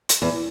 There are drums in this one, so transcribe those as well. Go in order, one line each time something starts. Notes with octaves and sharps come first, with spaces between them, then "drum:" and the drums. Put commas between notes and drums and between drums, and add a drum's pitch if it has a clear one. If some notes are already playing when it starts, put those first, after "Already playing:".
drum: hi-hat
E2